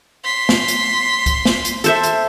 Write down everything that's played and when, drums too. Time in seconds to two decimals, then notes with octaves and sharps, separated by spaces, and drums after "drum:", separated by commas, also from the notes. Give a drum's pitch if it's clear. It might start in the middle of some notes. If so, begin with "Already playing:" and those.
0.24 C6 B6
0.49 drum: snare
0.68 drum: hi-hat
1.26 drum: kick C#2, hi-hat
1.45 drum: snare
1.65 drum: hi-hat
1.84 A4 C5 E5, drum: hi-hat
2.03 drum: hi-hat